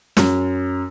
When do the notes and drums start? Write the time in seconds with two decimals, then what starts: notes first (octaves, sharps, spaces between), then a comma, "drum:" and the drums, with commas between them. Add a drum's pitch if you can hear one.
0.17 F#2, drum: snare